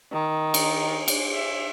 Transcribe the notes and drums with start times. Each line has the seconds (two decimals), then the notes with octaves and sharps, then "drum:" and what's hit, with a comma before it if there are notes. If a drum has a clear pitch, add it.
0.12 D#3
0.54 drum: cymbal
1.08 drum: cymbal
1.35 E5